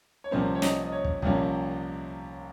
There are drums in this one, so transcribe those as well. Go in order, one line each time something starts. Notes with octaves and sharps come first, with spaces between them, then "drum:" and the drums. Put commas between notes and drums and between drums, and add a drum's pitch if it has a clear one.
C#5
C2 C3 F3 A#3 C#4 C5
C#5
D#5, drum: snare
D#5
C#5
drum: kick
C2 C3 F3 A#3 C#4, drum: kick